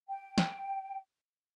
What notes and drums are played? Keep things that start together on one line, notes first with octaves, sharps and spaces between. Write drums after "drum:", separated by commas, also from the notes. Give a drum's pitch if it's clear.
G5
drum: snare